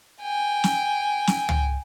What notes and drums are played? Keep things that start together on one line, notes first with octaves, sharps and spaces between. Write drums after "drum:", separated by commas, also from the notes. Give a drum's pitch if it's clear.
G5 G#5
drum: snare
drum: snare
drum: tom